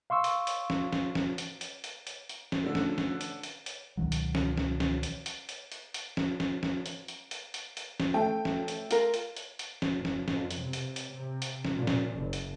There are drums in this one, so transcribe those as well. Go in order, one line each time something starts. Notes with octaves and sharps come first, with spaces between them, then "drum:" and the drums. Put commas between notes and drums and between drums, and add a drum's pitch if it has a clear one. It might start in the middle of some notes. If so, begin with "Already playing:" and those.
F5 C6 C#6 E6
drum: hi-hat
drum: hi-hat
drum: snare
drum: snare
drum: snare
drum: hi-hat
drum: hi-hat
drum: hi-hat
drum: hi-hat
drum: hi-hat
drum: snare
D3 A3
drum: snare
drum: snare
drum: hi-hat
drum: hi-hat
drum: hi-hat
C#2 B2 D#3 F#3
drum: hi-hat
drum: snare
drum: snare
drum: snare
drum: hi-hat
drum: hi-hat
drum: hi-hat
drum: hi-hat
drum: hi-hat
drum: snare
drum: snare
drum: snare
drum: hi-hat
drum: hi-hat
drum: hi-hat
drum: hi-hat
drum: hi-hat
drum: snare
A3 G5
drum: snare
drum: hi-hat
F4 A#4, drum: hi-hat
drum: hi-hat
drum: hi-hat
drum: hi-hat
drum: snare
F#1
drum: snare
F2, drum: snare
drum: hi-hat
C3
drum: hi-hat
drum: hi-hat
C3
drum: hi-hat
drum: snare
A#2
drum: snare
F#1
drum: hi-hat